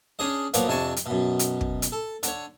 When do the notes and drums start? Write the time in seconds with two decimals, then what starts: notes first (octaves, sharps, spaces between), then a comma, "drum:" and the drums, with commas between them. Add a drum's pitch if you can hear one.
0.19 C#4 D4 G#4 D#5
0.54 A#2 F3 F#3 A#3 B3, drum: hi-hat
0.68 F2 C3 D4 G#5 A5 C#6
0.96 drum: hi-hat
1.06 F#2 B2
1.39 drum: hi-hat
1.61 drum: kick
1.82 drum: hi-hat
1.92 A4
2.23 D3 C#5, drum: hi-hat